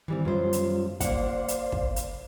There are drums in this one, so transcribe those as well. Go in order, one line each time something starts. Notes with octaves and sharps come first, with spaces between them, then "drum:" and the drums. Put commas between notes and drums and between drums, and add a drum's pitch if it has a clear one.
D#3 E3 G3 C4
F#2 G3 B3 F4 C5
drum: hi-hat
A#3 C5 D5 F5 F#5, drum: kick, hi-hat
drum: hi-hat
drum: kick
drum: hi-hat